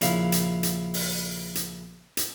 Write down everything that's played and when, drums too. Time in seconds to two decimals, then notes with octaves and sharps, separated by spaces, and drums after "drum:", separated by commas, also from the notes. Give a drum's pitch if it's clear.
0.01 A#1 C#3 E4 F5, drum: hi-hat
0.32 drum: hi-hat
0.63 drum: hi-hat
0.94 drum: open hi-hat
1.55 drum: hi-hat
2.17 drum: hi-hat